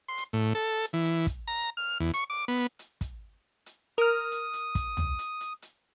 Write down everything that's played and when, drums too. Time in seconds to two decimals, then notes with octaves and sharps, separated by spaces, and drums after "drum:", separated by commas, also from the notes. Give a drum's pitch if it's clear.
0.08 C6
0.18 drum: hi-hat
0.33 A2
0.55 A4
0.83 drum: hi-hat
0.93 E3
1.05 drum: hi-hat
1.27 drum: kick, hi-hat
1.48 A#5
1.77 F6
2.00 E2
2.14 C#6, drum: hi-hat
2.30 D6
2.48 B3
2.57 drum: hi-hat
2.79 drum: hi-hat
3.01 drum: kick, hi-hat
3.66 drum: hi-hat
3.98 A#4 D#6 F6
4.32 drum: hi-hat
4.53 drum: hi-hat
4.75 drum: kick, hi-hat
4.97 drum: tom
5.19 drum: hi-hat
5.41 drum: hi-hat
5.62 drum: hi-hat